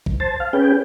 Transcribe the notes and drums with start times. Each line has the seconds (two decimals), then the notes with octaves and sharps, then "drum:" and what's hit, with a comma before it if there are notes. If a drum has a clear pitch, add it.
0.06 drum: kick
0.20 C5 A5
0.40 F5
0.53 C#4 G#4 B4 G5